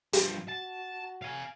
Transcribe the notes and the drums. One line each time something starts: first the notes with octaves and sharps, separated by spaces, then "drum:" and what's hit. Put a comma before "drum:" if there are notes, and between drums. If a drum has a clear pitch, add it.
G2 F3, drum: hi-hat
F#4 A5
F5 G#5